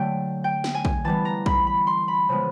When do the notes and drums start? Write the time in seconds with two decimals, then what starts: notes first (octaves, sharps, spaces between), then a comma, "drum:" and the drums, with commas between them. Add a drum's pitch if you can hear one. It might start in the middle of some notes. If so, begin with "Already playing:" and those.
Already playing: D3 F#3 A3 G5
0.44 G5
0.64 drum: snare
0.75 G#5
0.85 drum: kick A#1
1.04 E3 G3 B3 A5
1.25 A#5
1.46 B5, drum: kick A#1
1.67 B5
1.87 C6
2.08 B5
2.29 C#3 F3 G#3 B3